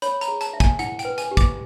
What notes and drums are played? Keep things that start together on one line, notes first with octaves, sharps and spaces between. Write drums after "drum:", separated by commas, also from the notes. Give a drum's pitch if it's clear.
C#5 B5, drum: hi-hat
A#5, drum: hi-hat
G#4
A5, drum: hi-hat
E5
G#5, drum: kick, hi-hat
E4 F#5, drum: hi-hat
G5, drum: hi-hat
B4
G#5, drum: hi-hat
G4
D6, drum: kick, hi-hat